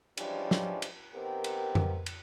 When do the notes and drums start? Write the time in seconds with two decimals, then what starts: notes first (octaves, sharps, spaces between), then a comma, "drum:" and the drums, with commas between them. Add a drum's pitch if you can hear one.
0.17 E3 F3 G3 G#3 C#4 D4, drum: cymbal
0.51 drum: snare
0.82 drum: cymbal
1.13 D#3 B3 C4 G4 A#4
1.44 drum: cymbal
1.75 drum: tom F2
2.06 drum: cymbal